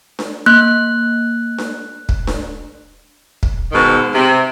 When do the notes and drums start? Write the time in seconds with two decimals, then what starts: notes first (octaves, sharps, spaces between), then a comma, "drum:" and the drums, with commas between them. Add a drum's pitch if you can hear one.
0.19 drum: snare D4
0.46 A#3 F#6
1.58 drum: snare D4
2.09 drum: kick
2.27 drum: snare D4
3.43 drum: kick
3.72 G#2 B2 D#3
4.15 C3